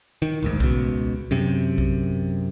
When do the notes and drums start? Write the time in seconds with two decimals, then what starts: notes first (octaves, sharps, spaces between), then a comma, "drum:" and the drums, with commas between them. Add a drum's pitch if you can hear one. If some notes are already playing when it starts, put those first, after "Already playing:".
0.22 D#3
0.42 A1 D2 G#2
0.60 C#2 B2, drum: kick
1.31 F#2 C3
1.78 drum: kick